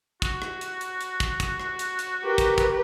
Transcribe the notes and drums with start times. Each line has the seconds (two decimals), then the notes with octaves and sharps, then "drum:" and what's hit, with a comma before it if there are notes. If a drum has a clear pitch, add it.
0.22 F#4, drum: kick, hi-hat
0.42 drum: rim click
0.61 drum: hi-hat
0.81 drum: hi-hat
1.01 drum: hi-hat
1.20 drum: kick, hi-hat
1.40 drum: kick, hi-hat
1.60 drum: rim click
1.79 drum: hi-hat
1.99 drum: hi-hat
2.23 G4 A#4 B4
2.38 drum: kick, hi-hat
2.58 drum: kick, hi-hat